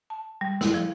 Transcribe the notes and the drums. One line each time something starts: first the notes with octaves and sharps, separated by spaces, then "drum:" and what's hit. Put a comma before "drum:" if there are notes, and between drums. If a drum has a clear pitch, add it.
A5
G3
E4, drum: snare
F3